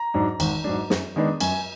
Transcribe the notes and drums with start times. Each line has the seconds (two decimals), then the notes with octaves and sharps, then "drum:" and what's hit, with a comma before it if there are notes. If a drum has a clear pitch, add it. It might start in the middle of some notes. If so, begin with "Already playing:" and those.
Already playing: A#5
0.14 G#2 F#3 D4
0.40 G#1, drum: cymbal
0.64 G#2 F#3 D4
0.90 F#2, drum: snare
1.16 D#3 G#3 B3 D4
1.40 F#2 G#5, drum: cymbal